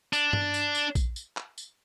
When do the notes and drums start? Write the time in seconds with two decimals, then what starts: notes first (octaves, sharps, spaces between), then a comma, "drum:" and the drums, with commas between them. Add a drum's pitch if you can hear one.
0.13 D4, drum: tambourine
0.33 drum: tom G2
0.54 drum: tambourine
0.75 drum: tambourine
0.95 drum: kick A#1, tambourine
1.16 drum: tambourine
1.37 drum: clap
1.58 drum: tambourine